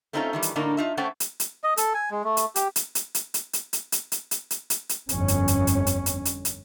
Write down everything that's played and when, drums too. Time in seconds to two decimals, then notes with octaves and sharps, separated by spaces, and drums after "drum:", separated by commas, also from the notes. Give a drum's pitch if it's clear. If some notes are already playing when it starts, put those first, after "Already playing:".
0.13 A3 C4 C#4 D#4 F4 A4
0.33 D#3 E3 G3
0.42 drum: hi-hat
0.56 A2 D3 A#3 D4 D#4
0.77 D#4 F4 E5
0.97 A3 C#4 A4 C5 F#5 G5
1.20 drum: hi-hat
1.40 drum: hi-hat
1.64 D#5
1.77 A4, drum: hi-hat
1.94 G#5
2.11 G#3
2.24 A3
2.37 drum: hi-hat
2.56 G4, drum: hi-hat
2.76 drum: hi-hat
2.95 drum: hi-hat
3.15 drum: hi-hat
3.34 drum: hi-hat
3.53 drum: hi-hat
3.73 drum: hi-hat
3.92 drum: hi-hat
4.12 drum: hi-hat
4.31 drum: hi-hat
4.51 drum: hi-hat
4.70 drum: hi-hat
4.89 drum: hi-hat
5.09 G1 F2 C#4, drum: hi-hat
5.28 drum: hi-hat
5.48 drum: hi-hat
5.67 drum: hi-hat
5.87 drum: hi-hat
6.06 drum: hi-hat
6.25 drum: hi-hat
6.45 drum: hi-hat